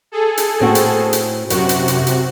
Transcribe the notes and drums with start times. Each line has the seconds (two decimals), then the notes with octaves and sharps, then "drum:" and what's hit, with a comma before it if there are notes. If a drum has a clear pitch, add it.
0.12 G#4 A4
0.37 drum: hi-hat
0.60 A2 C4 F#4
0.75 drum: hi-hat
1.13 drum: hi-hat
1.50 F#2 C3 F#4, drum: hi-hat
1.69 drum: hi-hat
1.88 drum: hi-hat
2.07 drum: hi-hat